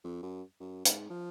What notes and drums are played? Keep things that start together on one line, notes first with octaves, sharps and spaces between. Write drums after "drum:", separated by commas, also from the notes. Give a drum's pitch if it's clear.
F2
F#2
F#2
G#2, drum: hi-hat
F3